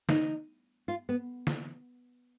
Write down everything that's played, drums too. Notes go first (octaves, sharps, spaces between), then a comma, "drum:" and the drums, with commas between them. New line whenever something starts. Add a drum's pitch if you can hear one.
D#4, drum: snare
F4
B3
drum: snare